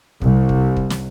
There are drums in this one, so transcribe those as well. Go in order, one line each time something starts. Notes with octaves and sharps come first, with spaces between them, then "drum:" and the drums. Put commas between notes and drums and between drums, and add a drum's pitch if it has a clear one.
C2, drum: kick
drum: kick
drum: kick
drum: snare